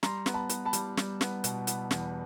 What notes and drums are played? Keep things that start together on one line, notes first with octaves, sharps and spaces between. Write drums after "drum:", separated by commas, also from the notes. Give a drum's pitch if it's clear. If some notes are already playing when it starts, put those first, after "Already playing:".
G3 A#5 C6, drum: snare
B3, drum: snare
A5 B5
B3, drum: hi-hat
A5 B5
G3, drum: hi-hat
G3, drum: snare
B3, drum: snare
B2, drum: hi-hat
B3, drum: hi-hat
E2, drum: snare